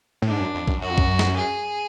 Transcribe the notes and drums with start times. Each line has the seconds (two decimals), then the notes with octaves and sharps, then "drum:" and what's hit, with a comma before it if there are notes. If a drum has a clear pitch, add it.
0.22 A2
0.27 G#2 D4
0.40 F#2
0.55 F2
0.68 F#2, drum: kick A#1
0.81 F#2 F#4
0.90 F2
0.98 F#2, drum: kick A#1
1.19 drum: snare
1.36 G#4